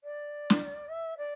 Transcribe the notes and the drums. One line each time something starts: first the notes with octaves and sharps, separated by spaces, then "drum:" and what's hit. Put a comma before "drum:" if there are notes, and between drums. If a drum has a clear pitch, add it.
D5
drum: snare
E5
D5